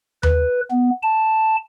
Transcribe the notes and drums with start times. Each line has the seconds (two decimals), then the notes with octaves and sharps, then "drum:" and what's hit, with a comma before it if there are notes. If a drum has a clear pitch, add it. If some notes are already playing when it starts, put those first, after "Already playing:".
0.23 B4, drum: tom D#2
0.71 B3
1.03 A5